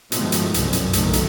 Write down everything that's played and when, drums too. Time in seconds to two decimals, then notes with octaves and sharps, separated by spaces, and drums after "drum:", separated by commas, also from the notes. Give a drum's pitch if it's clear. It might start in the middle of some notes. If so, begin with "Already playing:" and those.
0.12 G2 B2 D#3 F3 G#3 A3, drum: hi-hat
0.32 drum: hi-hat
0.54 C2 F#2, drum: hi-hat
0.73 drum: hi-hat
0.93 F#1 B1 D#3 A3, drum: hi-hat
1.13 drum: hi-hat